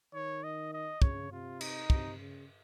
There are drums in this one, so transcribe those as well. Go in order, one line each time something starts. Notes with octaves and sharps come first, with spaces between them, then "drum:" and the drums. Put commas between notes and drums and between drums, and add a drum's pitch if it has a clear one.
D#3 C#5
D#5
D#5
C#3 C#5, drum: kick
C3 F4
D#4, drum: cymbal
C3, drum: kick
C#3